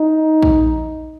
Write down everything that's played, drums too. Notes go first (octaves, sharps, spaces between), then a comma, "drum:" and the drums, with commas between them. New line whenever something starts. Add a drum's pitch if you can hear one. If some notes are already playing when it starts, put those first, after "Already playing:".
Already playing: D#4
drum: kick A#1